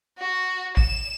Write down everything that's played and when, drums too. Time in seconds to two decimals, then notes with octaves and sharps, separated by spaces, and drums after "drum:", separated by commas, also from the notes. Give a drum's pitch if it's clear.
0.18 F#4
0.77 E7, drum: kick